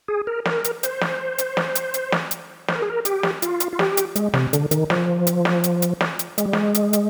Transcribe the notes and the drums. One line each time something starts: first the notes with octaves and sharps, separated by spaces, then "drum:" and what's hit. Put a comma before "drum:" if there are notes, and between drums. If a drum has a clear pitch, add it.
G#4
A#4
A#4, drum: snare
drum: hi-hat
C5, drum: hi-hat
drum: snare
drum: hi-hat
drum: snare
drum: hi-hat
drum: hi-hat
drum: snare
drum: hi-hat
C5, drum: snare
A#4
G#4
A#4
G4, drum: hi-hat
drum: snare
F4, drum: hi-hat
drum: hi-hat
F4
G4, drum: snare
drum: hi-hat
G#3, drum: hi-hat
C3, drum: snare
D3, drum: hi-hat
D#3, drum: hi-hat
F3, drum: snare
drum: hi-hat
drum: snare
drum: hi-hat
drum: hi-hat
drum: snare
drum: hi-hat
G#3, drum: hi-hat
G3
G#3, drum: snare
drum: hi-hat
drum: hi-hat